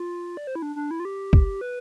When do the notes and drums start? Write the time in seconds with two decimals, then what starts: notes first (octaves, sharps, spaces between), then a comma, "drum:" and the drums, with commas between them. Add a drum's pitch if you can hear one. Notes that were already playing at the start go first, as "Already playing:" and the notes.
Already playing: F4
0.37 D5
0.47 C5
0.55 E4
0.62 D4
0.76 D4
0.91 E4
1.00 F4
1.05 G4
1.33 drum: kick F#1
1.61 B4